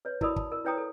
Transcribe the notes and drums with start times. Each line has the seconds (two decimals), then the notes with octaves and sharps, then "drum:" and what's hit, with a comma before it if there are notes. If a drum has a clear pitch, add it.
0.05 B4 C#5
0.21 E4 F#4 A#4 D5 B5 D#6, drum: kick
0.36 A5, drum: kick
0.52 A#4
0.64 E4 B4 C#5 G5 A#5 D#6
0.77 A4